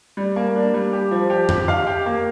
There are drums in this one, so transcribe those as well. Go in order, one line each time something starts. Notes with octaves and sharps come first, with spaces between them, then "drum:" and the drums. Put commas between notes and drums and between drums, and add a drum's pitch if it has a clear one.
G3
A#3
D4
G3
G4
F3
G4
G4, drum: tom F2
F5
G4
A#3